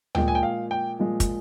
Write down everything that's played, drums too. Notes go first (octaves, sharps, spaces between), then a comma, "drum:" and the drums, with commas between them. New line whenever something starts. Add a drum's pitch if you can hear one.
A#2 F3 G#3 G5, drum: tom D2
G#5
G5
F5
G5
A#2 F3 G#3
drum: kick, hi-hat